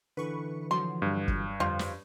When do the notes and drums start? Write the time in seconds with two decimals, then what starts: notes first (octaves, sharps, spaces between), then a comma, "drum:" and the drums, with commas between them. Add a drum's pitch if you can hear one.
0.17 D3 E3 B4 C#6
0.71 F3 F#3 C6
1.02 G2
1.28 drum: kick
1.60 F2 D3 G3 C4 F4
1.79 drum: snare